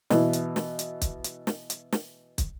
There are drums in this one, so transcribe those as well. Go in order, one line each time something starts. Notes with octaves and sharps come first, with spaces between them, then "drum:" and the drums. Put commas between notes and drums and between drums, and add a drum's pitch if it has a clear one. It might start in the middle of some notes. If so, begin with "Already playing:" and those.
B2 E3, drum: snare
drum: hi-hat
drum: snare
drum: hi-hat
drum: kick, hi-hat
drum: hi-hat
drum: snare
drum: hi-hat
drum: snare
drum: kick, hi-hat